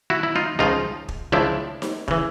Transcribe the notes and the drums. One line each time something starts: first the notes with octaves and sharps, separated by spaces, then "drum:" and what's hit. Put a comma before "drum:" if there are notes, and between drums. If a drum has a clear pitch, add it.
E4 F#4
E4
D#4 F4
C#2 C#3 F3 D#4 F4
drum: kick
C#2 C#3 F3 D4 E4
drum: snare D#4
C#3 E3, drum: kick